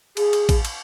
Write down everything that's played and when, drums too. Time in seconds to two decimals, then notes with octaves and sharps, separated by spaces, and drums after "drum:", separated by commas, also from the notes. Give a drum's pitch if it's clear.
0.17 G#4, drum: cymbal
0.33 drum: cymbal
0.49 drum: kick A1, cymbal
0.65 drum: cymbal